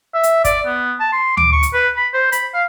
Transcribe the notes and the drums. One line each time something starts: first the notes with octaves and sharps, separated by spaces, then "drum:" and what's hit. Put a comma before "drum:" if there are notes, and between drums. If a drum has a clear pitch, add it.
E5
drum: hi-hat
D5, drum: kick, hi-hat
B3
A5
C6
D6, drum: tom D2
C#6
drum: hi-hat
B4
B5
C5
B5, drum: hi-hat
F5